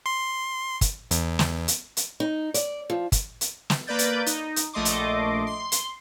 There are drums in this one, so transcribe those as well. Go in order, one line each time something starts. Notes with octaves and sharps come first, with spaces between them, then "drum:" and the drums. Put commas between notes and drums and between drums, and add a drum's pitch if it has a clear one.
C6
drum: kick, hi-hat
E2, drum: hi-hat
drum: snare
drum: hi-hat
drum: hi-hat
D#4
D5, drum: hi-hat
F3
drum: kick, hi-hat
drum: hi-hat
drum: snare
A#3 B4 D5 G6 A6
drum: hi-hat
D#4, drum: hi-hat
drum: hi-hat
A#1 A3 D#5 C6 D6
drum: hi-hat
C6
drum: hi-hat